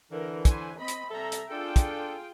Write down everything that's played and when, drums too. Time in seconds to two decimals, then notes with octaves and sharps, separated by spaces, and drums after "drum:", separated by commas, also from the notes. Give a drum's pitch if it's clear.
0.11 D3 E3 A#4
0.45 B4 C5 G#5, drum: kick, hi-hat
0.79 C4 D#5 B5
0.88 drum: hi-hat
1.10 C3 G3 A4 E5 A#5
1.32 drum: hi-hat
1.50 D4 F4 G#4 A4 G5
1.76 drum: kick, hi-hat